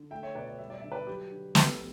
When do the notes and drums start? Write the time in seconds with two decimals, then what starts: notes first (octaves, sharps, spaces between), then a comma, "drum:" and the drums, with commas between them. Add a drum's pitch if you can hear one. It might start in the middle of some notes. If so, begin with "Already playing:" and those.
Already playing: D3
0.11 A3 E5 G5
0.23 C#5 E5
0.35 B2 B4 D5
0.47 D5
0.59 G3 E5
0.70 D5
0.81 D3 E5
0.92 B4 D5
1.07 F#3 G4
1.31 D3
1.55 A3, drum: snare